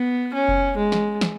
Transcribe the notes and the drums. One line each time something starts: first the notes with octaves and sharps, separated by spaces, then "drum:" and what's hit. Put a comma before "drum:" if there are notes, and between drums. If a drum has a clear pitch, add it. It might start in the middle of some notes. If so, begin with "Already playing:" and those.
Already playing: B3
C#4
drum: kick F#1
G#3
drum: snare
drum: snare